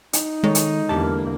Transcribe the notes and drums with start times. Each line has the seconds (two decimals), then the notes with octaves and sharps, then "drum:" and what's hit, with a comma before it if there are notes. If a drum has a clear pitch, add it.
0.13 D#4, drum: hi-hat
0.44 D#3 G#3 A4 C#5
0.55 drum: hi-hat
0.89 E2 D3 A#3 G4 A5